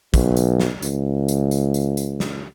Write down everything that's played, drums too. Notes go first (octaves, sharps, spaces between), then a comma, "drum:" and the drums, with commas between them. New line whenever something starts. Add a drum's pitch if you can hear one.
B1, drum: kick, tambourine
drum: tambourine
drum: snare
C#2, drum: tambourine
drum: tambourine
drum: tambourine
drum: tambourine
drum: tambourine
drum: snare